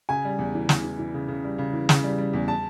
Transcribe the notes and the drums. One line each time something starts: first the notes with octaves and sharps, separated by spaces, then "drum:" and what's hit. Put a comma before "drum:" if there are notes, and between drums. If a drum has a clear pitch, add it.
C#3 G#5
G3
E2
E3
E2, drum: snare
E3
E3
C#3
C#3
G3
C#3
E3
C#3, drum: snare
G3
G3
E2
A5